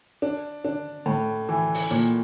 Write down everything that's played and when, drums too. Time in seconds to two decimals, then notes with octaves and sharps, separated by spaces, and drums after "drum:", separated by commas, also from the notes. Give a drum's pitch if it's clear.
0.22 D4
0.64 D4
1.06 A2
1.49 E3
1.74 drum: open hi-hat
1.91 A#2